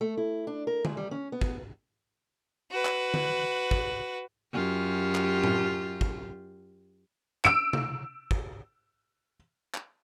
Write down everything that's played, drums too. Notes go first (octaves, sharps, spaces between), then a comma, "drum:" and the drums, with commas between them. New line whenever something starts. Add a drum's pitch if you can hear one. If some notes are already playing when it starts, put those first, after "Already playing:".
A3
E4
D4
A#4
G#3, drum: tom D3
G3
C#4
B3
drum: kick
F#4 B4
drum: clap
drum: tom D3
drum: kick
F#2 F4 G4
drum: clap
drum: tom
drum: kick
E6 D7, drum: clap
drum: tom C3
drum: kick
drum: clap